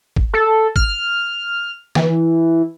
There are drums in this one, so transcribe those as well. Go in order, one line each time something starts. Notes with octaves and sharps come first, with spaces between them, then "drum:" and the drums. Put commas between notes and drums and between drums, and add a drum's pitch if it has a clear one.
drum: kick
A4
F6, drum: kick
E3, drum: snare